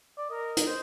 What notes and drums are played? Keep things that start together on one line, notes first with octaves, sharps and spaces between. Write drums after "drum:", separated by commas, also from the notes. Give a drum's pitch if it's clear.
D5
A#4 D#5
drum: hi-hat
C5